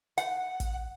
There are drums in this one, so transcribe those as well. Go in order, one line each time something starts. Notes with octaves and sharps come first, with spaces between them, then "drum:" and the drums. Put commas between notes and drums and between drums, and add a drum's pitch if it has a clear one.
F#5, drum: hi-hat
drum: kick, hi-hat